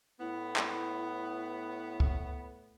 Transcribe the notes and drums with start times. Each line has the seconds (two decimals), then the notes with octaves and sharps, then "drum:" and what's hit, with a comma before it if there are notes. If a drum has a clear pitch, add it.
0.20 A2 B3 E4
0.56 drum: clap
2.00 drum: kick